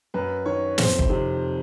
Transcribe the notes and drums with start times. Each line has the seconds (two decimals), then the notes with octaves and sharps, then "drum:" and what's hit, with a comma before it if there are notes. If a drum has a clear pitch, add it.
0.14 F#2 B4
0.46 D#3 C#5
0.78 F2 C5, drum: snare
0.99 drum: kick
1.09 C3 D#3